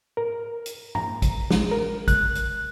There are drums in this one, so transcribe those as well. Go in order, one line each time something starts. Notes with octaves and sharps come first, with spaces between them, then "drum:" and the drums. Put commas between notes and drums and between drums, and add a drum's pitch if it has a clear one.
A#4
drum: hi-hat
A#5, drum: tom G#2
drum: kick A1, hi-hat
G#3, drum: snare
A#4
F#6, drum: kick A1, hi-hat
drum: hi-hat